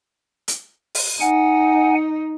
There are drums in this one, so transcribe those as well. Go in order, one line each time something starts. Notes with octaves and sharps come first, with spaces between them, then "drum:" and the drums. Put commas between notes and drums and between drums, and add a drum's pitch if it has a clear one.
drum: hi-hat
drum: open hi-hat
D#4 F#5 G#5